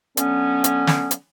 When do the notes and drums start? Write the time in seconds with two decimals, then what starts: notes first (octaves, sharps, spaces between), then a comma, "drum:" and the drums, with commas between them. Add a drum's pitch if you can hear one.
0.17 D3 F#3 B3 C#4, drum: hi-hat
0.64 drum: hi-hat
0.87 drum: snare
1.11 drum: hi-hat